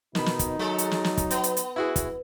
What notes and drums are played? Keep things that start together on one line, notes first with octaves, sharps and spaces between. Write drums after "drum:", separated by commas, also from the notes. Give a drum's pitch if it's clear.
B2 D#3 D#4 B5, drum: snare
drum: snare
drum: kick, hi-hat
F#3 G#3 A4
drum: hi-hat
drum: snare
drum: snare
drum: kick, hi-hat
B3, drum: hi-hat
drum: hi-hat
drum: hi-hat
E4 F#4 G#4
drum: kick, hi-hat